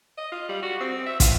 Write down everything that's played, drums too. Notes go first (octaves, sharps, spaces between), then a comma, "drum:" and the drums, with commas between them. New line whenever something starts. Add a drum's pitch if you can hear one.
D#5
F4
G3
F#4
C4
E5
F4, drum: kick, hi-hat